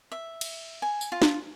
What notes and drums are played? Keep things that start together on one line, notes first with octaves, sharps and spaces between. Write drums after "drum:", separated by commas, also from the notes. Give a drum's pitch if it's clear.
E5
drum: cymbal
G#5
drum: tambourine
F4
drum: snare